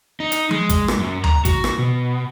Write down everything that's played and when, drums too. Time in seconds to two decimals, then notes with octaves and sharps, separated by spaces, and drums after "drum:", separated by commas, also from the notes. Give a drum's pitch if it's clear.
0.20 D#4
0.32 drum: hi-hat
0.51 G#3, drum: tom F3
0.69 drum: kick, hi-hat
0.88 drum: rim click
0.99 F#2
1.24 A#5, drum: tom D2
1.45 F#4, drum: kick, hi-hat
1.64 drum: rim click
1.78 B2